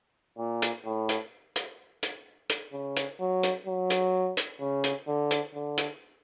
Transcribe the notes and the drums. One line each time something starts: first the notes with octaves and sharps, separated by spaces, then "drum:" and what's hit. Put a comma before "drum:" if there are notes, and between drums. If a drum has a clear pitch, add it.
A#2
drum: hi-hat
A2
drum: hi-hat
drum: hi-hat
drum: hi-hat
drum: hi-hat
C#3
drum: hi-hat
F#3
drum: hi-hat
F#3
drum: hi-hat
drum: hi-hat
C#3
drum: hi-hat
D3
drum: hi-hat
D3
drum: hi-hat